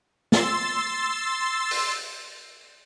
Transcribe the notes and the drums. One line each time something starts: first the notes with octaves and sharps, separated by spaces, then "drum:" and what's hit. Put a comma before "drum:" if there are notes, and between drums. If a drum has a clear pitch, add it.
C6 E6 A6, drum: snare
drum: open hi-hat